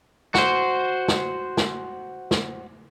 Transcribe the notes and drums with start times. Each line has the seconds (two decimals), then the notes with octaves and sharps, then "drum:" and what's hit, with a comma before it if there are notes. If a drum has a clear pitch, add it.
0.35 F#4 C5, drum: snare
1.08 drum: snare
1.57 drum: snare
2.31 drum: snare